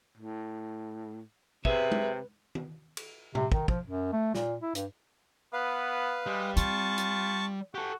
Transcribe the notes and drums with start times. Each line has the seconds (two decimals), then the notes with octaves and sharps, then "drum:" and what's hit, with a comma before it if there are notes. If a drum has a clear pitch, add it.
0.18 A2
1.65 C3 G#4 B4 E5, drum: kick
1.92 drum: tom G#3
2.55 drum: tom
2.97 drum: cymbal
3.35 C3, drum: tom A2
3.52 D#3, drum: kick
3.68 F3, drum: kick
3.84 F#2
4.13 A3
4.34 A#2, drum: snare
4.62 E4
4.75 G2, drum: hi-hat
5.53 B3 B4 F5
6.26 G3 G#3
6.57 C4 F4 A5 C#6, drum: hi-hat
6.98 drum: hi-hat
7.75 F#4 G4 A4